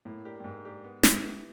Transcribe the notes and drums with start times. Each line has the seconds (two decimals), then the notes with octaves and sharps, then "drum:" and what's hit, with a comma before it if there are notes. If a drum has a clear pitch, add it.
0.05 A2 A#3
0.25 D4 G4 A#4
0.40 G2
0.44 G#2 A#3
0.65 D4 G4 A#4
0.84 B3
1.03 E4 G4, drum: snare
1.23 B3